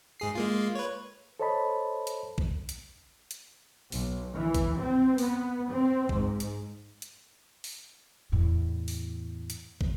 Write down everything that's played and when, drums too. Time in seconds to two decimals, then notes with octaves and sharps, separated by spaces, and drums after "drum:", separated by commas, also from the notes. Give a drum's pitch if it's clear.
0.20 G#2 G#4 C7
0.35 G#3 A#3 F4
0.75 B4 C#5
1.40 A4 C5 C#5 D#5 A5 B5
2.07 drum: hi-hat
2.38 drum: kick
2.69 drum: hi-hat
3.31 drum: hi-hat
3.92 B1, drum: open hi-hat
4.34 E3
4.55 drum: kick, hi-hat
4.78 C4
5.18 B3, drum: open hi-hat
5.70 C4
6.09 G#2, drum: kick
6.40 drum: hi-hat
7.02 drum: hi-hat
7.64 drum: open hi-hat
8.32 E2 A2
8.88 drum: open hi-hat
9.50 drum: hi-hat
9.81 drum: kick